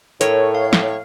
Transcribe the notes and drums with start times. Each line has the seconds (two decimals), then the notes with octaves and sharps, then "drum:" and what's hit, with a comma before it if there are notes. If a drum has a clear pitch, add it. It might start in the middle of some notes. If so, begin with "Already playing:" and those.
0.21 A2 A4 A#4 C#5, drum: hi-hat
0.55 F5
0.73 drum: snare